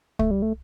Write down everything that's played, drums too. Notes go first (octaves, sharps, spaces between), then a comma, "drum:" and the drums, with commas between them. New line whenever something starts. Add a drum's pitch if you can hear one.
A3, drum: kick
G3
A3